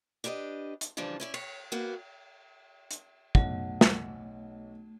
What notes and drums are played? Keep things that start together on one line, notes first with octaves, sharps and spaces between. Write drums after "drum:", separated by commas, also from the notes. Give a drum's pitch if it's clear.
D4 E4 G4 B4 D#5
drum: hi-hat
C#3 E3 F3 G3 D4
C#4 E4 D5
C#5, drum: cymbal
A#3 B3 F#4
drum: hi-hat
B1 A3 F#5, drum: kick
drum: snare